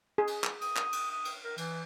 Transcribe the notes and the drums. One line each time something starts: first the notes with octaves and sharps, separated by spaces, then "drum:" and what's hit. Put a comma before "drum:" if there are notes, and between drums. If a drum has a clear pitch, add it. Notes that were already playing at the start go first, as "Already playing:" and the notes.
G#4
drum: cymbal
drum: clap
D#6, drum: cymbal
drum: clap
drum: cymbal
D#6
drum: cymbal
A#4
E3, drum: cymbal